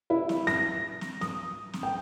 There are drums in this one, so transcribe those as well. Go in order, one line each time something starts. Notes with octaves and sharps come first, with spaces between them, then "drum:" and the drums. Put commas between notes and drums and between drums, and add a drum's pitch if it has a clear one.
E4
drum: snare
A#6, drum: snare
drum: snare
D#6, drum: snare
drum: snare
G5